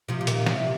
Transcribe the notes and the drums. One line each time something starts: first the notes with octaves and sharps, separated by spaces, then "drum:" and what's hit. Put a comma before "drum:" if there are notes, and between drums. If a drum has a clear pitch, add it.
C3 F3
C3
A#2 D#3, drum: hi-hat
C3, drum: snare